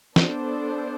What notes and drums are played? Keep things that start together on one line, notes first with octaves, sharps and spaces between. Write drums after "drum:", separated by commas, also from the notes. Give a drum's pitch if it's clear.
B3 D4 A4 C5, drum: snare